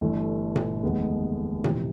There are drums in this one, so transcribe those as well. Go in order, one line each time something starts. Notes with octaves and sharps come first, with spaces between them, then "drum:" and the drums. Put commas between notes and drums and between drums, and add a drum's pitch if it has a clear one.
G1 G2 E3 A3
drum: tom A#2
F1 D#2 D#3 G#3 B3
F2 C3 E3, drum: tom A#2